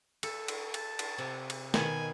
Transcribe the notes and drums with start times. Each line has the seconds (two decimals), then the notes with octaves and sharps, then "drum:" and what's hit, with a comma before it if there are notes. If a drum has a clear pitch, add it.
0.23 A4, drum: cymbal
0.48 drum: cymbal
0.74 A5, drum: cymbal
0.99 drum: cymbal
1.18 C3
1.50 drum: cymbal
1.74 B2 D#3 G#5, drum: snare